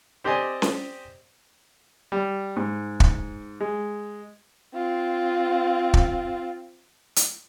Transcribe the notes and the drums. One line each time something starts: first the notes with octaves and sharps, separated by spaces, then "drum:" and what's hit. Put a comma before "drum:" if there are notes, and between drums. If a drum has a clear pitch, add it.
C4 G4 C5 D5 D#5 G#5
drum: snare C#4
G3
G#2
drum: kick
G#3
C4 F4
drum: kick
drum: hi-hat